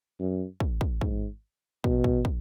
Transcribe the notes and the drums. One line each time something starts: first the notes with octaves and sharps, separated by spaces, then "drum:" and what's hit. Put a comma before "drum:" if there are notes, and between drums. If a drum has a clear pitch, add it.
F#2
drum: kick
drum: kick
G#2, drum: kick
B2, drum: kick
drum: kick
drum: kick